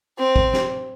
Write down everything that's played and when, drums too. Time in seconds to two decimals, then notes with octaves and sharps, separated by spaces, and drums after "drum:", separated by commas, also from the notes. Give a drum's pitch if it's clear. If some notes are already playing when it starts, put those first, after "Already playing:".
0.18 C4
0.36 drum: kick
0.53 drum: snare